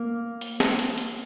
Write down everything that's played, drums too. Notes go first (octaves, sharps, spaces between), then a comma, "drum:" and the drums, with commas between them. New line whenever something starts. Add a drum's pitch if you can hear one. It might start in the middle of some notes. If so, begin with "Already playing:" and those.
Already playing: A#3
drum: hi-hat
drum: snare
drum: hi-hat
drum: hi-hat